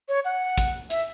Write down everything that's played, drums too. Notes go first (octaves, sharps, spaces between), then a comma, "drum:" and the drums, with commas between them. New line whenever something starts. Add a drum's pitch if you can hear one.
C#5
F#5
drum: kick, hi-hat
E5, drum: hi-hat